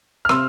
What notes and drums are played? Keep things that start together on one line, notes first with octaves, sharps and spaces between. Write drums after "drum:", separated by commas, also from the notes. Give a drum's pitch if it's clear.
F6
C3 C6 E6, drum: rim click